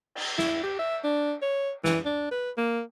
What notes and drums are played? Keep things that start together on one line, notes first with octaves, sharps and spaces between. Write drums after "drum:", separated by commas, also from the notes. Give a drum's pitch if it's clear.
drum: cymbal
E4, drum: snare
G4
E5
D4
C#5
E3, drum: snare
D4
B4
A#3